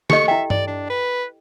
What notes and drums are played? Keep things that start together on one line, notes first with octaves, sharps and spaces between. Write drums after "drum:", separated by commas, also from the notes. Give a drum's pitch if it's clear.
G4 A4 D#5 C#6, drum: snare
E4 E5 G5
D5, drum: tom G2
D4
B4